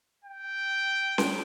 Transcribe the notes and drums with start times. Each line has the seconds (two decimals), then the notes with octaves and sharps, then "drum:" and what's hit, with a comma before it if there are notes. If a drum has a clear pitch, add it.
0.24 G5
1.18 drum: snare C#4